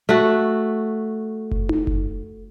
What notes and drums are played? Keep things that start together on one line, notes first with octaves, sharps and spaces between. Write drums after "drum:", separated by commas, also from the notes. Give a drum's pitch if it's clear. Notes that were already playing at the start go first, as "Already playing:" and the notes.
A3 F#4
drum: kick F#1
drum: tom D#4
drum: kick F#1